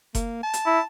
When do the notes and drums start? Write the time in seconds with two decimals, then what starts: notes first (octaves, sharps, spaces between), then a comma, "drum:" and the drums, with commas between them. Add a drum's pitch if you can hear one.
0.15 A#3, drum: kick F#1, hi-hat
0.43 A5
0.53 drum: hi-hat
0.66 E4